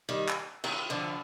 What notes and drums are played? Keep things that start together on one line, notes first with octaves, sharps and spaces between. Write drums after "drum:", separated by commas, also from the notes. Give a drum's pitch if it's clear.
D#3 G3
drum: clap
D#3, drum: cymbal
D3 F3